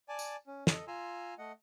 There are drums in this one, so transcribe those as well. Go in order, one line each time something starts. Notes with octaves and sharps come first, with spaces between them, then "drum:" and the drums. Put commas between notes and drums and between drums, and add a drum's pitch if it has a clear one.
D5 G#5 A5
drum: tambourine
C#4
A4 D#5, drum: snare
F4 G#5 A#5 C6 E6
A3 D#5 F#5